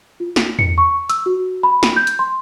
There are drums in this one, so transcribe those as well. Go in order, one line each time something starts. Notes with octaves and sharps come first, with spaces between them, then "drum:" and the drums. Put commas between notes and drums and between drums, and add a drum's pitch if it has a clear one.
F4
drum: snare
C#7, drum: tom E2
C#6
E6, drum: hi-hat
F#4
B5
drum: snare
G6
drum: hi-hat
C6